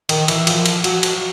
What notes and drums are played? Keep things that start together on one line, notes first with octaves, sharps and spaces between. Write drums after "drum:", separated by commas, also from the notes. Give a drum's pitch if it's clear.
D#3, drum: cymbal
E3, drum: cymbal
F3, drum: cymbal
drum: cymbal
F#3, drum: cymbal
drum: cymbal